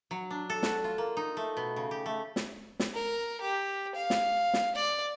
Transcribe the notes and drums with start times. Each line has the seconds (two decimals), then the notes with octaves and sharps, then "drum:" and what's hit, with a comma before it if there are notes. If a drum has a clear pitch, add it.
0.11 F#3
0.30 D4
0.50 A4
0.63 F#4, drum: snare
0.84 F4
0.98 A#3
1.17 D#4
1.37 A3
1.57 B2
1.76 C#3
1.91 G4
2.06 A3
2.36 drum: snare
2.80 drum: snare
2.94 A#4
3.41 G4
3.96 F5
4.10 drum: snare
4.54 drum: snare
4.76 D5